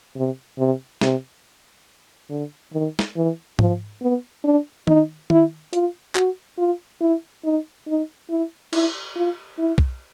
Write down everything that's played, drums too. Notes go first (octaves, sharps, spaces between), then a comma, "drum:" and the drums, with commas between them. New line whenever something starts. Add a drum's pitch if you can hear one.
C3
C3
C3, drum: snare
D3
D#3
drum: snare
E3
F3, drum: tom G#2
B3
D4
D#4, drum: tom D#3
E4, drum: tom D#3
F4, drum: hi-hat
F#4, drum: clap
F4
E4
D#4
D#4
E4
E4, drum: cymbal
F4
E4
drum: kick